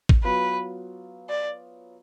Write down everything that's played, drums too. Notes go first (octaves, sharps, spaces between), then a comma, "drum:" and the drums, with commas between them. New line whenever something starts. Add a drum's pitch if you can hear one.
drum: kick
F#3 B3 F4 B4
D5